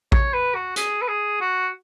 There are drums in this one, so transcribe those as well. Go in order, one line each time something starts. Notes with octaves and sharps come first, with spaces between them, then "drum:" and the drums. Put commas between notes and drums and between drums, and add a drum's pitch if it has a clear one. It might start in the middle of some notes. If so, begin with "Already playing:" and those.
C#5, drum: kick A1
B4
F#4
G#4, drum: hi-hat
B4
G#4
F#4